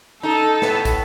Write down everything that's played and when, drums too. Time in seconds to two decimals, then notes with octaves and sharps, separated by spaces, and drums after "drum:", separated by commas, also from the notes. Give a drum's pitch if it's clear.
0.23 D#4 A4
0.62 A2 B3, drum: snare
0.85 drum: kick, hi-hat